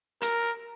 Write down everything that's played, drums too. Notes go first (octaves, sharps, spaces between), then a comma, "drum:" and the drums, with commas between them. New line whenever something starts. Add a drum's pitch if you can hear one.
A#4, drum: hi-hat